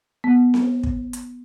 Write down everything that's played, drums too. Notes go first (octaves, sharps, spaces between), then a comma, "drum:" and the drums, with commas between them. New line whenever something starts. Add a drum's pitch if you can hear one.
B3
drum: snare C4
drum: kick
drum: hi-hat